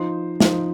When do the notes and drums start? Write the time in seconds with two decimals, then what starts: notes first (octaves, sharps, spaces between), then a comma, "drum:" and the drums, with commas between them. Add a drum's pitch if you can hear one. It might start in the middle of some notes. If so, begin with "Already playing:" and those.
Already playing: F3 D#4 C5
0.40 F3 D#4 C5, drum: snare